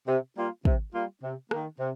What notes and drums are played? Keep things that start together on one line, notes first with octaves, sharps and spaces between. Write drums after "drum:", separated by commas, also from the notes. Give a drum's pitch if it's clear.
C3
G3 A#3 F4
C3, drum: kick
G3 A#3 F4
C3
D#3 A#3, drum: rim click
C3